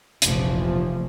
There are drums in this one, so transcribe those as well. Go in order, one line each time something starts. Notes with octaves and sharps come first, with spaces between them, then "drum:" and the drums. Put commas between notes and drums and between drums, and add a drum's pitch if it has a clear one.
F1 A#1 E3 F3, drum: hi-hat